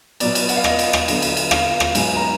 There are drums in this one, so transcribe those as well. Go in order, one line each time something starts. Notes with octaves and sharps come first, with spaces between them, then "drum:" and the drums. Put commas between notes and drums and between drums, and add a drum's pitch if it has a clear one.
B2 F#3 B3 D5, drum: cymbal
drum: cymbal
F#5, drum: cymbal
F5
D#5, drum: rim click
drum: cymbal
drum: rim click
D3 F#3 B3, drum: cymbal
drum: cymbal
drum: cymbal
F5, drum: rim click
drum: rim click
G#2 F#3 B3 G#5, drum: cymbal
A#5